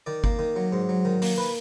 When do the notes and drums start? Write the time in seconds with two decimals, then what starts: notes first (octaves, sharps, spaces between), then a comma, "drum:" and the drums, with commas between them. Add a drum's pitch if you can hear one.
0.06 D#3 D5
0.24 A#3, drum: kick G1
0.39 D#3
0.56 F#3
0.72 G#2
0.89 F#3
1.05 D#3
1.22 A#3, drum: open hi-hat
1.38 B4